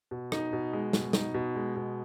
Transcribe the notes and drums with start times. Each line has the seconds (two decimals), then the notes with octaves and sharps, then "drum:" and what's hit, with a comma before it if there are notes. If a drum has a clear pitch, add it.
0.11 B2
0.32 D#4, drum: rim click
0.53 B2
0.73 G#3
0.93 B2, drum: snare
1.13 D#4, drum: snare
1.34 B2
1.56 G#3
1.76 B2